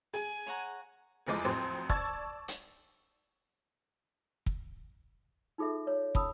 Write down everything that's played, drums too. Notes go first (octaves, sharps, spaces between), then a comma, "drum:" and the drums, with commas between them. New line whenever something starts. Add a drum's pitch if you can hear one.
G#4 G#5
C#5 F#5 A#5
F1 E2 F3 G#3 D6
A1 F2 F#3 C4 C6
D5 A5 C#6 E6 G#6 A6, drum: kick
drum: hi-hat
drum: kick
D#4 F4 G#4 A4 E5
C#5 D5
C#4 A5 B5 D#6 E6, drum: kick